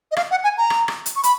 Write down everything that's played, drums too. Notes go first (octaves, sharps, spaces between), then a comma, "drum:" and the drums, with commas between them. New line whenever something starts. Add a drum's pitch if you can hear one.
D#5
F5, drum: rim click
F#5
G#5
A#5
drum: rim click
drum: rim click
drum: hi-hat
C#6
B5, drum: hi-hat